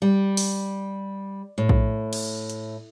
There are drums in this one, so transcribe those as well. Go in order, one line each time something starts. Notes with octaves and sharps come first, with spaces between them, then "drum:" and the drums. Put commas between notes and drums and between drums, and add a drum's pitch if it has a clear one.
G3
drum: open hi-hat
A2
drum: kick A#1
drum: cymbal
drum: hi-hat